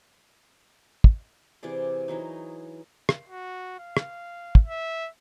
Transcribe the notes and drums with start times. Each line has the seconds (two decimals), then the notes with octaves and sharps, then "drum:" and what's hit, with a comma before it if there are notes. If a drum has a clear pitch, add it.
1.04 drum: kick
1.63 C3 E3 G#4 D5
2.08 E3 F#3 D#4
3.09 drum: rim click
3.29 F#4
3.79 F5
3.97 drum: rim click
4.55 drum: kick
4.65 E5